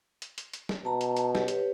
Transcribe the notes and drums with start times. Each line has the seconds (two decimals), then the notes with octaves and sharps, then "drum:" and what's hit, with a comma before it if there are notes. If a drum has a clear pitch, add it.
0.22 drum: hi-hat
0.38 drum: hi-hat
0.53 drum: hi-hat
0.69 drum: snare
0.85 B2 A5 A#5
1.01 drum: hi-hat
1.17 drum: hi-hat
1.35 G4 B4 C#5, drum: snare
1.48 drum: hi-hat